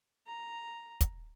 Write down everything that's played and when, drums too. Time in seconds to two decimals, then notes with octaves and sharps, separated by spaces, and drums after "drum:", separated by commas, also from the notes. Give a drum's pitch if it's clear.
0.27 A#5
1.01 drum: kick, hi-hat